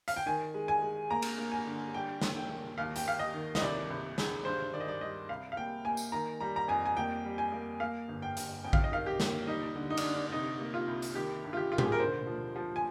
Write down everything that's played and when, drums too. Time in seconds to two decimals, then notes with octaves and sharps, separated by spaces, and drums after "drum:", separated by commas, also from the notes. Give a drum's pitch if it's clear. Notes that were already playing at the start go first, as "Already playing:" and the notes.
0.08 F5, drum: hi-hat
0.16 G5
0.26 D#3 G#5
0.54 G#3
0.68 G#5
0.82 G#3
1.11 A#3 A#5
1.22 drum: cymbal
1.38 A#3
1.52 G#5
1.66 D3
1.94 G3 G5
2.22 A#3, drum: snare
2.36 G5
2.49 A#3
2.78 D#2 F5
2.96 G5, drum: hi-hat
3.06 D#2 F5
3.19 D#5
3.34 D#3
3.55 D#5, drum: snare
3.61 C2 D5
3.90 C2
4.18 G#3, drum: snare
4.45 G2 C5
4.73 D#3 D5
4.81 D#5
4.88 D5
5.01 G3 D#5
5.29 C2 F5
5.52 F5
5.57 A#3 G5
5.85 A#3 G#5
5.97 drum: tambourine
6.12 D#3 A#5
6.40 G3 A#5
6.56 A#5
6.68 F2 G#5
6.86 G#5
6.97 A#3 G5
7.24 G3
7.38 G#5
7.52 A#3
7.80 A#3 F5
8.09 G1
8.22 G5
8.37 G1, drum: hi-hat
8.64 F2 G5
8.73 F5, drum: kick A1
8.84 D#5
8.92 D#3 F5
9.06 G4
9.20 A#3, drum: snare
9.47 G3 D#4
9.75 D3
9.90 D#4
9.97 D4, drum: cymbal
10.04 D3
10.14 D4
10.27 D4
10.32 C3 D#4
10.60 A#3
10.74 F4
10.87 C2
11.02 drum: hi-hat
11.15 D#3 G4
11.44 G2
11.53 F4
11.57 G4
11.72 D#3 F4
11.78 G4, drum: tom A2
11.85 G#4
11.92 A#4
11.99 D3 C5
12.27 F3
12.56 F3
12.76 G#5